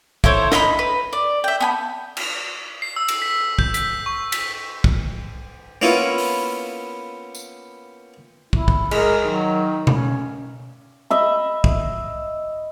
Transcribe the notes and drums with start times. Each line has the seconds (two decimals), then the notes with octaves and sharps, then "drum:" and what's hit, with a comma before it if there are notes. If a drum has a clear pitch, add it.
0.24 E4 A4 C5 C#5, drum: kick
0.52 D#5 E5 A#5 B5, drum: snare
0.79 B4
1.13 D5
1.44 E5 G5
1.60 B3 G#5 B5
2.17 drum: cymbal
2.82 C7
2.96 E6
3.08 drum: cymbal
3.22 B6
3.59 G6, drum: kick
3.74 B6, drum: hi-hat
4.06 C#6
4.32 B6, drum: cymbal
4.84 drum: kick
5.82 A#3 B3 C#4 E4 F4
6.18 drum: open hi-hat
7.35 drum: tambourine
8.53 E4, drum: kick
8.68 drum: kick
8.91 G#3 A#4, drum: cymbal
9.24 D#3 F#3
9.87 C#4, drum: tom B2
11.10 D#5 E5 B5
11.64 drum: kick